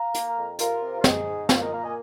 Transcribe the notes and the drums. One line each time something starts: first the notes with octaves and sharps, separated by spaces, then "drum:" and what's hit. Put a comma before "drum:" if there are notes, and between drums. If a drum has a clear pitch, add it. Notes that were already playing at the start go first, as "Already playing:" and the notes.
Already playing: F5 A#5
A#3, drum: hi-hat
F2
C3 F4 A#4, drum: hi-hat
C3
F4
G#2 D#4 G#4, drum: snare
G#2
A#2 F4 A#4, drum: snare
F5
A#4 D#5
A#3 F5 A#5
D#5 G#5